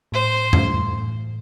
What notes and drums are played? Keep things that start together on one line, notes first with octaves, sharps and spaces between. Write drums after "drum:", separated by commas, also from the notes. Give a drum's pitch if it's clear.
A2 C5
E3 A3, drum: tom F2
A2